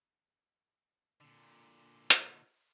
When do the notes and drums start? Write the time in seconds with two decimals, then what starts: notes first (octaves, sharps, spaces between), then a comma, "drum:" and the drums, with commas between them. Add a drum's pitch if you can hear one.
1.21 A#2 D3
2.10 drum: hi-hat